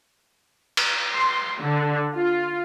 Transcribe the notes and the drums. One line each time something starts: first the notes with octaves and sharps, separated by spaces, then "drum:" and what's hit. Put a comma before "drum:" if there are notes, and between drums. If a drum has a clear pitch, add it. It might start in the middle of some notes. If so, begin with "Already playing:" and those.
drum: cymbal
C6
D3
F4